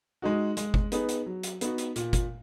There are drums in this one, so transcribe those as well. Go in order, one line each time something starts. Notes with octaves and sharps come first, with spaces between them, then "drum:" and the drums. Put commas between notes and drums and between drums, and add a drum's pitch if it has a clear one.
G#3 D#4 F#4
G#3, drum: hi-hat
drum: kick G1
B3 D#4 G#4 B4, drum: hi-hat
drum: hi-hat
F#3
drum: hi-hat
B3 D#4 F#4, drum: hi-hat
drum: hi-hat
A#2, drum: hi-hat
drum: kick G1, hi-hat